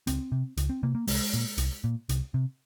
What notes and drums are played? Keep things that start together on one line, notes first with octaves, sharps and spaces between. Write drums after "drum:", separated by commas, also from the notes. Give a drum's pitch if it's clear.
C#2 C4, drum: hi-hat
C3
C#2, drum: hi-hat
C4
C3 A#3
A#3
C2 G#3, drum: open hi-hat
A#2
C2, drum: hi-hat
A#2
C2, drum: hi-hat
C3